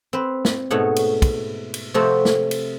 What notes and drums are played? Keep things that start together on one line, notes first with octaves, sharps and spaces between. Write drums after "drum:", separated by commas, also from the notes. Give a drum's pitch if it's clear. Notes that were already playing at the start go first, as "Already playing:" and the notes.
C4 B4
drum: snare
G#2 B2 A3 C#5 F#5
drum: cymbal
drum: kick, cymbal
drum: cymbal
C3 F3 A3 C4 F#4 A5
drum: snare
drum: cymbal